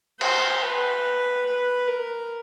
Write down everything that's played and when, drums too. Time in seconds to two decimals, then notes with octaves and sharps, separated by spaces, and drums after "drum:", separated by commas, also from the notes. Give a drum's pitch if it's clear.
0.21 C5, drum: cymbal
0.63 B4
1.46 B4
1.88 A#4